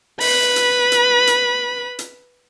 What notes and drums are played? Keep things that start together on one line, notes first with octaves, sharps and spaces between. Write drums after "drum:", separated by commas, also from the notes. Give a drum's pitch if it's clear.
B4 B5, drum: open hi-hat
drum: hi-hat
drum: hi-hat
drum: hi-hat
drum: hi-hat